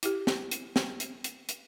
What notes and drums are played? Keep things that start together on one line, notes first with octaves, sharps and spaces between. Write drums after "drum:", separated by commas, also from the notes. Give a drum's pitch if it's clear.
E4 G4, drum: hi-hat
drum: snare
drum: hi-hat
drum: snare
drum: hi-hat
drum: hi-hat
drum: hi-hat